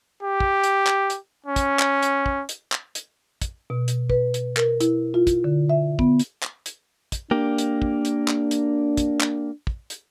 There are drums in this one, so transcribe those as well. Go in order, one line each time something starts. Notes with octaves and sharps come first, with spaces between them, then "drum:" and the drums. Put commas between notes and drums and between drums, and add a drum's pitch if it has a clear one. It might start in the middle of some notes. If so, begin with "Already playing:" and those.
G4
drum: kick
drum: hi-hat
drum: clap
drum: hi-hat
C#4
drum: kick, hi-hat
drum: clap
drum: hi-hat
drum: kick
drum: hi-hat
drum: clap
drum: hi-hat
drum: kick, hi-hat
B2
drum: hi-hat
B4, drum: kick
drum: hi-hat
A#4, drum: clap
E4, drum: hi-hat
F4
drum: kick, hi-hat
D3
E5
B3, drum: kick
drum: hi-hat
drum: clap
drum: hi-hat
drum: kick, hi-hat
A#3 D4 G4
drum: hi-hat
drum: kick
drum: hi-hat
drum: clap
drum: hi-hat
drum: kick, hi-hat
drum: clap
drum: kick
drum: hi-hat